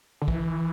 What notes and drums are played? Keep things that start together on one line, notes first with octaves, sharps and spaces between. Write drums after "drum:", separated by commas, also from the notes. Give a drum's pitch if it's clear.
D3
E3, drum: kick